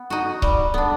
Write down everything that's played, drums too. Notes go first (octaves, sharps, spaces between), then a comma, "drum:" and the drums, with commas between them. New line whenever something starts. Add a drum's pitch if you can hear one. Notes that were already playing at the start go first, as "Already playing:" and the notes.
Already playing: B3
D#4 F#4
G3, drum: kick C#1
B3 D4